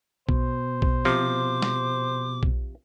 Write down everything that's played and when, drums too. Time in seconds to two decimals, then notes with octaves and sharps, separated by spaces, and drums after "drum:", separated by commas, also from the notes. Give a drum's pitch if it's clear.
0.29 B2 C5, drum: kick B1
0.82 drum: kick B1
1.05 C3 F3 D6
1.62 drum: snare
2.43 drum: kick B1